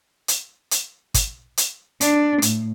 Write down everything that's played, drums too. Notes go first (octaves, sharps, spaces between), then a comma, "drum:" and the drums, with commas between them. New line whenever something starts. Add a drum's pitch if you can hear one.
drum: hi-hat
drum: hi-hat
drum: kick, hi-hat
drum: hi-hat
D4, drum: hi-hat
A2, drum: hi-hat